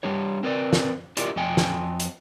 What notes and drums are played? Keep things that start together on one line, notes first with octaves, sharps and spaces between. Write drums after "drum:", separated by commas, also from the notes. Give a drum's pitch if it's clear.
G3 D4 G4 C#5
C4 A#4 B4 D5
drum: snare
E4 F4 G4 A#4 D5 D#5, drum: hi-hat
F2 F3 D#5 G5 G#5
drum: snare
drum: hi-hat